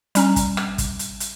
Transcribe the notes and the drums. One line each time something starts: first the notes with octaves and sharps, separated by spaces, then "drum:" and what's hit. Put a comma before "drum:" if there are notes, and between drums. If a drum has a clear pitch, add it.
G3 C#4 A#5, drum: hi-hat
drum: kick, hi-hat
drum: rim click
drum: kick, hi-hat
drum: hi-hat
drum: hi-hat